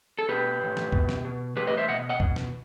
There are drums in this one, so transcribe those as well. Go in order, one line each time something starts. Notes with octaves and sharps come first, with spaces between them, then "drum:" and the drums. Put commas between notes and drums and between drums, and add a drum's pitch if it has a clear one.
A4
B2 G4 B4
A2 E3
drum: snare
B2, drum: kick
drum: snare
B2
A2 E3 G4 B4
B4 D#5
C5 E5
B2 D#5 F#5
D#5 F#5
B2, drum: kick
drum: snare